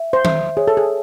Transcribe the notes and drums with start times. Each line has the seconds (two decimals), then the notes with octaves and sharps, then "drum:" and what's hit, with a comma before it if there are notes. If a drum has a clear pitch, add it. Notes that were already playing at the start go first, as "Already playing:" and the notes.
Already playing: E5
0.13 C5
0.25 E5, drum: tom D#3
0.57 G#4 C#5
0.68 A4
0.77 G#4